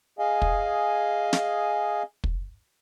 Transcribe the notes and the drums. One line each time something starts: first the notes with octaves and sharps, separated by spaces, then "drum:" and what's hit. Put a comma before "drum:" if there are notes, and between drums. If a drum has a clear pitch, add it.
G#4 D#5 F5 G#5
drum: kick
drum: snare
drum: kick